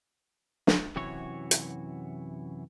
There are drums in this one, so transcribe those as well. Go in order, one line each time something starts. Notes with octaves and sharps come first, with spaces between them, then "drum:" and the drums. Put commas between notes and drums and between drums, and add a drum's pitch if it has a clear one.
drum: snare
F#2 C3 E3 E4 F#4 C#5
drum: hi-hat